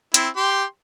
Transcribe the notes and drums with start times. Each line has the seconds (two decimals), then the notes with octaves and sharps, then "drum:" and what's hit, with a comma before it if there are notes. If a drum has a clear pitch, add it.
0.14 C4 E4, drum: hi-hat
0.37 G4 G5 C6